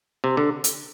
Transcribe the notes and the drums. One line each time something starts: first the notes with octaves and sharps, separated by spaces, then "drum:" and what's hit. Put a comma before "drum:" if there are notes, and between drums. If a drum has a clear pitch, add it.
C3
D3
drum: hi-hat